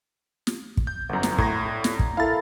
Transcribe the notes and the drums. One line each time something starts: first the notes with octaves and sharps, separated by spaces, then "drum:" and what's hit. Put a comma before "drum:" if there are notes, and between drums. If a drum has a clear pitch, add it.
drum: snare
drum: kick
G6
G1 F#2 F#5 A#5
drum: snare
A2 C#5 A#5 C6 G#6 A#6, drum: kick
D5 D#6
drum: snare
drum: kick
E4 A4 A#4 F5 A6